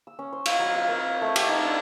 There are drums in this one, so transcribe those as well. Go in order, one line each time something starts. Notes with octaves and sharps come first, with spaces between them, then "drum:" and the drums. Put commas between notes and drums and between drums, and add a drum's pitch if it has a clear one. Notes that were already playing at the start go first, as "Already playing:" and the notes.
E6
C#4
C5
F5, drum: cymbal
F#3
F5
A#4
C#5
A3
G4, drum: cymbal
D#4
D4